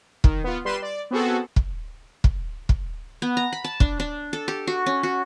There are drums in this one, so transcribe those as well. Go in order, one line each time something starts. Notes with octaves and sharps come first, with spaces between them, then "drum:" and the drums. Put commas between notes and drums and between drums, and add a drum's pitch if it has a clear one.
D#3, drum: kick
B3 F4
G3 B4 C6 E7
D5
B3 C4 F#4 G#4 A4
drum: kick
drum: kick
drum: kick
B3
A#5
B5
A5
D4, drum: kick
D4
A4
G4
F#4
C#4
F#4